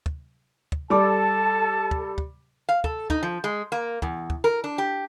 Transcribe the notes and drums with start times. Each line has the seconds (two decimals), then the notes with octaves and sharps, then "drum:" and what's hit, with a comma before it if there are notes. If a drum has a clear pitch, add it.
0.06 drum: kick
0.72 drum: kick
0.90 G3 A4 A5 D6
1.91 drum: kick
2.18 drum: kick
2.69 F5
2.84 A4, drum: kick
3.10 D#4, drum: kick
3.23 F3
3.44 G#3
3.72 A#3
4.02 E2, drum: kick
4.30 drum: kick
4.44 A#4
4.64 D4
4.78 G4